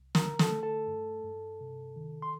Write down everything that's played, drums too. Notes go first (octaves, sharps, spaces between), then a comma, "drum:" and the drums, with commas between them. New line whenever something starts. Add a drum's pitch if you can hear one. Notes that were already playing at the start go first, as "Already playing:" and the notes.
Already playing: C2
D3 A#4 A#5, drum: snare
A4 A5, drum: snare
A3
A4 A5
G2
G2
C3
D#3
C6